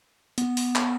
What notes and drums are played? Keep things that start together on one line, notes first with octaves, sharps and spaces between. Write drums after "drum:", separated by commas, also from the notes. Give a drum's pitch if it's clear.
B3, drum: hi-hat
drum: open hi-hat
drum: clap